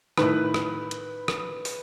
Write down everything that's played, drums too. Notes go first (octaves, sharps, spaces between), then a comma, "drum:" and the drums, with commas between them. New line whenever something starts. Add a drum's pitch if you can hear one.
A2 D#3 B4, drum: rim click
drum: rim click
drum: hi-hat
drum: rim click
drum: open hi-hat